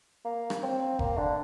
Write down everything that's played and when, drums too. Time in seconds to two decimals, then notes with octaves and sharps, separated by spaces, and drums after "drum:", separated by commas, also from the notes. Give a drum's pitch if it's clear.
0.25 A#3
0.50 drum: rim click
0.63 C4
0.99 A#3, drum: kick F1
1.18 D3